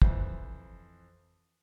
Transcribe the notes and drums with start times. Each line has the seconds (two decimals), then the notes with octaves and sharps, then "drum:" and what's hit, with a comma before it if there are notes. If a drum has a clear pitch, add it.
0.02 F2 E3 C5, drum: kick